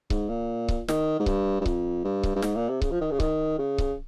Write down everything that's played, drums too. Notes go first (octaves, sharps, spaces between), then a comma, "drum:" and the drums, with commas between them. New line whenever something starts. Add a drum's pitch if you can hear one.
G#2, drum: kick C#1
A#2
drum: kick C#1
D#3, drum: snare
G#2
G2, drum: kick C#1
G2
F2, drum: kick C#1
G2
drum: kick C#1
G2
G#2, drum: snare
A#2
C3
C#3, drum: kick C#1
F3
D#3
C#3
D#3, drum: kick C#1
C#3
drum: kick C#1